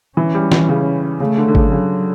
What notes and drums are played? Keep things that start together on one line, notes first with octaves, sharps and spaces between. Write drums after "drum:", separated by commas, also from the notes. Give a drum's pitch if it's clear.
E3 C#4
G3
E3, drum: snare
C#3
C#3 A3
D3
D3
C#3, drum: kick G#1
C#3 F#3